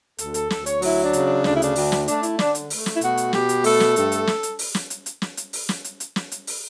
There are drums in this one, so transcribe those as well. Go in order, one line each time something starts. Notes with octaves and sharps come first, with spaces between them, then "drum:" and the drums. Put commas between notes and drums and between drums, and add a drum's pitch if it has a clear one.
D2 A4, drum: hi-hat
A4, drum: hi-hat
D2 A4, drum: snare
C#5, drum: hi-hat
F#3 E4, drum: open hi-hat
D4
C#3, drum: hi-hat
D4
D2 D4, drum: snare
E4
D4, drum: hi-hat
D2, drum: open hi-hat
drum: snare
A3 D4, drum: hi-hat
E4, drum: hi-hat
D3 D4, drum: snare
drum: hi-hat
A3, drum: open hi-hat
drum: snare
E4
B2 F#4, drum: hi-hat
drum: hi-hat
B2 G4, drum: snare
drum: hi-hat
A3 A4, drum: open hi-hat
drum: snare
G2 A4, drum: hi-hat
drum: hi-hat
drum: snare
drum: hi-hat
drum: open hi-hat
drum: snare
drum: hi-hat
drum: hi-hat
drum: snare
drum: hi-hat
drum: open hi-hat
drum: snare
drum: hi-hat
drum: hi-hat
drum: snare
drum: hi-hat
drum: open hi-hat